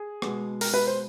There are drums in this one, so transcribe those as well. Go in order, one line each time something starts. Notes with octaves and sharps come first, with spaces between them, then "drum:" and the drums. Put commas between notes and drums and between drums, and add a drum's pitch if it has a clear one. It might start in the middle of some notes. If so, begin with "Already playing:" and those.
Already playing: G#4
B2 G#3 B3, drum: rim click
A#4, drum: open hi-hat
B4
C5